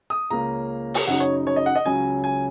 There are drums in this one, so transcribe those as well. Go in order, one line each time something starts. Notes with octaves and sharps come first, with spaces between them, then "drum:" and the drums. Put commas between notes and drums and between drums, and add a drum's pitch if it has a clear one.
D#6
C#2 C#3 A#3 C#4 A#5
drum: open hi-hat
F#2 C#3 F#3 D#4 F#5
C#5
C#5
D#5
F#5
D#5
C#2 C#3 F#3 C#4 G#5
G#5